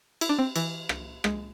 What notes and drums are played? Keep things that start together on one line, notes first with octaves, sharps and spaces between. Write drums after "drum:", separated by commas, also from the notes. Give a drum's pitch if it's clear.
E4, drum: cymbal
D4
C4
E3, drum: cymbal
drum: rim click
G#3, drum: rim click